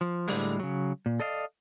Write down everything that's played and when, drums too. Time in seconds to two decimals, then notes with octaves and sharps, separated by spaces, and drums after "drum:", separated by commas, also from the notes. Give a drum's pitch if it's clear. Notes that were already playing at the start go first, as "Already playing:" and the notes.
0.01 F3
0.28 A2 D3 G3 G#3, drum: open hi-hat
0.60 C#3 F#3
1.06 A#2
1.20 A4 D5 D#5 F5